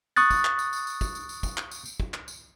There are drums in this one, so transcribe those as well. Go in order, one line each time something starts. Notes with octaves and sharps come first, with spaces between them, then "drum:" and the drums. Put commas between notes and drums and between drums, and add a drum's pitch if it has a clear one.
C#6 D#6 F#6 A6, drum: tambourine
drum: kick, tambourine
drum: clap
drum: tambourine
drum: tambourine
drum: tambourine
drum: kick, tambourine
drum: tambourine
drum: tambourine
drum: kick, tambourine
drum: clap
drum: tambourine
drum: tambourine
drum: kick
drum: clap
drum: tambourine